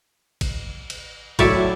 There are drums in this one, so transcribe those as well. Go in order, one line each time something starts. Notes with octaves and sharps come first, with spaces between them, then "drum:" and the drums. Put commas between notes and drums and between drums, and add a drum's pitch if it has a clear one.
drum: kick, cymbal
drum: cymbal
A2 F#3 C#5 D5 E5, drum: kick, cymbal